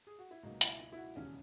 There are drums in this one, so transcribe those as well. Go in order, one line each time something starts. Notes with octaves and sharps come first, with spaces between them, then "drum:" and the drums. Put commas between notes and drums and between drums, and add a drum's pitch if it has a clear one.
G#4
F#4
E4
C#2 B2 F#3 A#3 D#4
E4, drum: hi-hat
E4
E4
F#4
E1 D#2 C#3 C#4